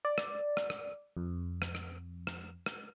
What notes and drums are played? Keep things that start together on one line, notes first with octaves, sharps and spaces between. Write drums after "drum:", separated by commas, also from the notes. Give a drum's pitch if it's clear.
D5
drum: rim click
drum: rim click
drum: rim click
F2
drum: rim click
drum: rim click
drum: rim click
drum: rim click